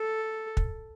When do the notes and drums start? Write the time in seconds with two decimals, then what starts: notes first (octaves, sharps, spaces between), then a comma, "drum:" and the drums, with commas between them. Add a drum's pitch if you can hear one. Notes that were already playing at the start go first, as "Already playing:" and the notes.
Already playing: A4
0.57 drum: kick